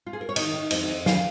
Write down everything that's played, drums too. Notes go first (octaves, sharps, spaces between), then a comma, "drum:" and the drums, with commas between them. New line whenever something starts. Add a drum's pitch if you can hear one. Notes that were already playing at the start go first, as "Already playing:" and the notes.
F4
G#4
A#4
C#5
D#3 D#5, drum: cymbal
D#3
F2 D#5, drum: cymbal
F2
F5, drum: snare